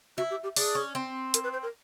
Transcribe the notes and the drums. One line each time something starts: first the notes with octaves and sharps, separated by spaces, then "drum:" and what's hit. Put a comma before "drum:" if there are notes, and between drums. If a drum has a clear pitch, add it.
E4 F#4
G4
G4
D4 G#4, drum: open hi-hat
C#4
C4
A#4, drum: hi-hat
B4
C5
A#4